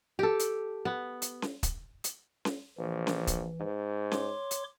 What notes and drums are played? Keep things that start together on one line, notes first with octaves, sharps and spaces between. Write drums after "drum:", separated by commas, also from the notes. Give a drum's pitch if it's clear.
G4 A4
drum: hi-hat
B3
drum: hi-hat
drum: snare C#4
drum: kick, hi-hat
drum: hi-hat
drum: snare C#4
A#1 E3
drum: snare C#4
drum: kick, hi-hat
G#2
C#5 C6 D6, drum: snare C#4
drum: hi-hat